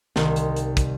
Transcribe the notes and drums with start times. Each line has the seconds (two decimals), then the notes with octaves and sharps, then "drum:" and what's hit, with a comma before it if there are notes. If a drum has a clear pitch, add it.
0.16 C2 D#3, drum: snare
0.36 drum: hi-hat
0.56 drum: hi-hat
0.77 drum: kick, hi-hat